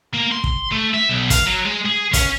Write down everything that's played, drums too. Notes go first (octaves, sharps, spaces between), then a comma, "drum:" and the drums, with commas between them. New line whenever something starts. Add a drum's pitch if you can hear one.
A#3
C6
drum: kick
A3
E5
B1
F5, drum: kick, hi-hat
F#3
G#3
G#4
C#4, drum: kick, hi-hat